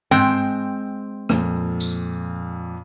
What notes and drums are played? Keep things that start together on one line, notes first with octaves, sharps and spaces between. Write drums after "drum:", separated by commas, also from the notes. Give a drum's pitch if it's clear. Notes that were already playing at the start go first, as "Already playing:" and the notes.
G#3 C4 G5, drum: tom G#2
F2 A#2, drum: rim click
drum: tambourine